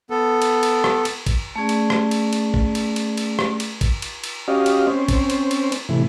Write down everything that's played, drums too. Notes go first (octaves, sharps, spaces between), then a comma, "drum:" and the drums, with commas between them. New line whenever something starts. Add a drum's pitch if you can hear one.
B3 A4
drum: cymbal
drum: cymbal
drum: rim click
drum: cymbal
drum: kick, cymbal
A3 C#4 G#4 D5
drum: cymbal
drum: rim click
drum: cymbal
drum: cymbal
drum: kick
drum: cymbal
drum: cymbal
drum: cymbal
drum: rim click
drum: cymbal
drum: kick, cymbal
drum: cymbal
drum: cymbal
C#4 F#4 G4 D#5 F5
drum: cymbal
C4 C#4 C5
drum: kick, cymbal
drum: cymbal
drum: cymbal
drum: cymbal
A2 C3 E3